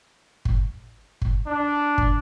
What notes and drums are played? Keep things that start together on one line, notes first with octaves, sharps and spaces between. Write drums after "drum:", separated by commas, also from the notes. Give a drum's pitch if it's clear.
drum: kick G1
drum: kick G1
D4
drum: kick G1